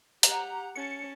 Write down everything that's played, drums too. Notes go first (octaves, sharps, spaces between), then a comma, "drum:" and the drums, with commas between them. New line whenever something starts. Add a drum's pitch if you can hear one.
G4 F#5 A#5, drum: hi-hat
C#4 A5 C#7